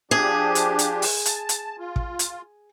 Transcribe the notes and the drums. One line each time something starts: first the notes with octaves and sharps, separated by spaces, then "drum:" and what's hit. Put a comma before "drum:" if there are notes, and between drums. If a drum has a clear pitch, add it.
F3 D4 G4 G#4
drum: hi-hat
drum: hi-hat
drum: open hi-hat
A5, drum: hi-hat
drum: hi-hat
F4
drum: kick
drum: hi-hat